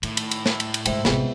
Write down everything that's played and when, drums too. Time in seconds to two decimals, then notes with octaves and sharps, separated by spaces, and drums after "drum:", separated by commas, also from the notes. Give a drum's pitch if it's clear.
0.03 A2 D#3, drum: cymbal
0.17 drum: cymbal
0.31 drum: cymbal
0.46 drum: snare
0.60 drum: cymbal
0.74 drum: cymbal
0.86 G#2 D3 G#3 C5 E5 G5, drum: cymbal
1.05 A1 C3 B3 F4 G#4 G5, drum: snare